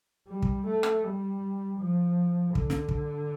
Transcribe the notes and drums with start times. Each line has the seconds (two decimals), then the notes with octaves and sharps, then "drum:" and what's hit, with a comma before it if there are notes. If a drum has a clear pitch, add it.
0.28 G3
0.42 drum: kick
0.67 A3
0.83 drum: rim click
1.04 G3
1.80 F3
2.55 D3, drum: kick
2.70 drum: snare
2.89 drum: kick